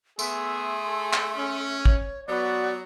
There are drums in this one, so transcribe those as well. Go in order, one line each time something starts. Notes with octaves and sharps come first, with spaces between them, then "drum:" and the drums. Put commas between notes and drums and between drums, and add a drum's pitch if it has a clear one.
A3 B3 G#4 E5 C6, drum: tambourine
A4
drum: clap
C#4
C#5, drum: kick
F#3 B3 F#4 D5